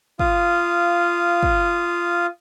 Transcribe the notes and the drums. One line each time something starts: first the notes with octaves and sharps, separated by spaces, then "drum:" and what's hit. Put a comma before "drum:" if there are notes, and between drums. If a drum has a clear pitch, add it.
F4 F5 D#6, drum: kick
drum: kick